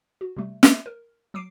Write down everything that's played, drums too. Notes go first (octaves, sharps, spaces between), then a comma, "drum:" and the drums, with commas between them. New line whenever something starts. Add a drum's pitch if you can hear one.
F#4
C3 G3 A3
A3, drum: snare
A#4
F#3 D6 C7 D7